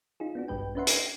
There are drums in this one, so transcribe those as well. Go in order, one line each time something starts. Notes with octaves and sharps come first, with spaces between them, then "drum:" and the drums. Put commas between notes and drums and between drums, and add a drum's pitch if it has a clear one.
D#4 F4 G#4
B3 D4 F#4
A#1 G2 G3 B4 G5
C#4 D4 B4 E5 F#5 C6
G#6 A#6 C7 C#7, drum: hi-hat